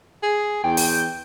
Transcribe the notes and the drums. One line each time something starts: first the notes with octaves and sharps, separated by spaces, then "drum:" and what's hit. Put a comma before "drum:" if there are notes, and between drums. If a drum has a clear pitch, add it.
G#4
E2 G5
drum: open hi-hat